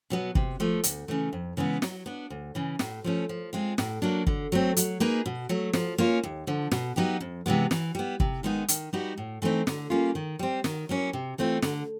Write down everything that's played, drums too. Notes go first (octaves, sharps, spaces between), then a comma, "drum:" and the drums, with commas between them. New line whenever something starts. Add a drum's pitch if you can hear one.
B2 F#3 B3
C3, drum: kick
F3 A3
D2, drum: hi-hat
C#3 E3 A3
F2
C#3 E3 G#3 B3
F#3, drum: snare
B3 D4
D2
C#3 E3
A2, drum: snare
F3 A3 C#4
F3
G#3 C4 F4
A2, drum: snare
F#3 A#3 D4
D3, drum: kick
F#3 A3 C4
F#3, drum: hi-hat
A#3 D#4 G#4 B4
B2
F#3 A3
F3, drum: snare
A#3 C#4 F4
D#2
D3 F3
B2, drum: snare
F#3 B3 D#4 G4
F2
C3 E3 G#3 B3
E3, drum: snare
G3 B3
C3, drum: kick
D#3 G#3 B3 D#4
D#3, drum: hi-hat
G3 B3 D#4 F#4
A2
E3 A3 C4 D#4
D3, drum: snare
G3 A#3 C#4 F4
D#3
G3 C4
D#3, drum: snare
F#3 A#3 C#4 E4
C3
E3 A3 C4 F4
D3, drum: snare